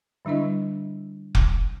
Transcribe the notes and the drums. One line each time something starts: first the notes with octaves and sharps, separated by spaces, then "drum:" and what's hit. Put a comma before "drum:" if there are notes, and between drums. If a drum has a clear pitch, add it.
D3 G3 D4 E4 D#5
drum: kick F1